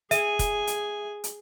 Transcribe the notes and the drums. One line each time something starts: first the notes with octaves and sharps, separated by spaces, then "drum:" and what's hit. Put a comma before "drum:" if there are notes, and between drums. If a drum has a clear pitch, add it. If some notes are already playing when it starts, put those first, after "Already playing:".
G#4 E5 G#5 D#7, drum: hi-hat
drum: kick, hi-hat
drum: hi-hat
drum: hi-hat